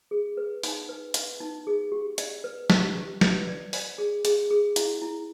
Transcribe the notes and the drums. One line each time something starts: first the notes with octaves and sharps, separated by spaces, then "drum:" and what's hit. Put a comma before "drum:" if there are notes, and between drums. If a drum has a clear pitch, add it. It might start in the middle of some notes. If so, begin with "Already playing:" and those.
G#4
B4
D#4, drum: open hi-hat
B4
B4, drum: hi-hat
D#4
G#4
G4
D5, drum: hi-hat
B4
G4, drum: snare
G4
B4, drum: snare
D5
D5, drum: open hi-hat
G#4
G#4, drum: hi-hat
G#4
E4, drum: hi-hat
E4